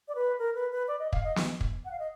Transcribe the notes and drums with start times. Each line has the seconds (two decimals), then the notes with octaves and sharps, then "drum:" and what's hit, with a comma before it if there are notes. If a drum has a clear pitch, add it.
0.08 D5
0.15 B4
0.39 A#4
0.55 B4
0.71 B4
0.88 D5
0.99 D#5
1.13 F5, drum: kick
1.24 D#5
1.36 drum: snare
1.61 drum: kick
1.85 F#5
1.91 F5
1.99 D#5